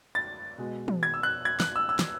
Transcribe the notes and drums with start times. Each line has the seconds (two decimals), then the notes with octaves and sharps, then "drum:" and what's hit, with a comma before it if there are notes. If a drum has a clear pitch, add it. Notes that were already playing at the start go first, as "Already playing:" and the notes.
0.15 A6
0.58 B2 G#3
0.88 drum: tom
1.03 G#6
1.14 E6
1.23 F#6
1.45 G#6
1.60 F#6, drum: snare
1.76 E6
1.89 E6
1.99 drum: snare